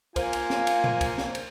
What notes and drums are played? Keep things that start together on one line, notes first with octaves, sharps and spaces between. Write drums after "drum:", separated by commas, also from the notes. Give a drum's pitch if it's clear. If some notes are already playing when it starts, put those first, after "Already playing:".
A#3 F4 C5 F5 G#5, drum: kick C2, cymbal
drum: cymbal
drum: snare
drum: cymbal
drum: tom A#2
drum: kick C2, cymbal
drum: snare
drum: cymbal